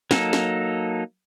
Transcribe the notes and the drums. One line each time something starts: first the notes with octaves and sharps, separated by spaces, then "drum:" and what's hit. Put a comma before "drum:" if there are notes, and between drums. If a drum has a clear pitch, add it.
F#3 A#3 D#4 A4, drum: snare
drum: snare